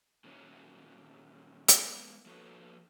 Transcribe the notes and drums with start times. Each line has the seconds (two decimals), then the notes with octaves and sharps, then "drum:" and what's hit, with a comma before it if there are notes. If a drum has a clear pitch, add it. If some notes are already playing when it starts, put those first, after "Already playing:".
0.24 A#2 D#3 F#3 B3 C#4
1.68 G#3 A#3 B3, drum: hi-hat
2.26 F3 A#3 F#4 A4 B4 C#5